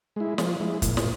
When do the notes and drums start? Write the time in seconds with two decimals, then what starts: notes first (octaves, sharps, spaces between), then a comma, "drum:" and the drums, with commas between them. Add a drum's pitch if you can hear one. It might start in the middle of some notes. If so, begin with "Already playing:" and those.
0.16 G#3 E4
0.38 F3, drum: snare
0.60 G#3 E4
0.82 A#2, drum: kick, hi-hat
0.97 drum: snare